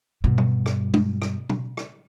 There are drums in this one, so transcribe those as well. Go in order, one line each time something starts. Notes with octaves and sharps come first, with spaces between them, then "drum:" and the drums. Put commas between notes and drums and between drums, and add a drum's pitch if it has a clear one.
G2 B2
drum: tom B2
drum: rim click
drum: tom G#3
drum: rim click
drum: tom B2
drum: rim click